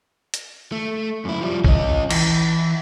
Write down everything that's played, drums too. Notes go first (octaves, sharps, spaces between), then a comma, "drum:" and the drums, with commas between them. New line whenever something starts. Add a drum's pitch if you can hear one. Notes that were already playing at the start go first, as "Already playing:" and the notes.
drum: hi-hat
A3
F#2 E4
F3 G3
C#4 D#5, drum: kick A#1
E3, drum: cymbal